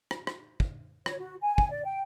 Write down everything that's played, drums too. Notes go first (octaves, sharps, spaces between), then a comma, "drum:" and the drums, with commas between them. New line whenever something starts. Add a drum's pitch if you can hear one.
drum: rim click
drum: rim click
drum: kick
C#5, drum: rim click
F#4
G#5
drum: kick
D5
G5